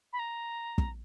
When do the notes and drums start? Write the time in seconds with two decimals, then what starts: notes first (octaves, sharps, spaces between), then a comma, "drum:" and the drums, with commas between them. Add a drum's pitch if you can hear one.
0.13 B5
0.19 A#5
0.78 drum: kick